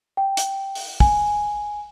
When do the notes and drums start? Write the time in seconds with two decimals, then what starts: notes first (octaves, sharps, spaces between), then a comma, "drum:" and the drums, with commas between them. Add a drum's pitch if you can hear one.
0.17 G5
0.37 drum: hi-hat
0.75 drum: open hi-hat
1.00 G#5, drum: kick